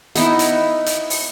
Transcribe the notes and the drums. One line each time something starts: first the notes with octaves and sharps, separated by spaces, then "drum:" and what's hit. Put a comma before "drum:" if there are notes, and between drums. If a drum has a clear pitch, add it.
B3 D#4 E4, drum: hi-hat
drum: hi-hat
drum: hi-hat
drum: open hi-hat